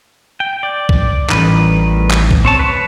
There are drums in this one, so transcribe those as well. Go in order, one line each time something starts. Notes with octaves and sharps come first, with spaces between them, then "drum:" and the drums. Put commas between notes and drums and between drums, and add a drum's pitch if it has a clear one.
G5
D5
drum: kick
A1 D#3 G3 B4, drum: clap
drum: clap
drum: kick
C4 C#5 A5
B4 C#5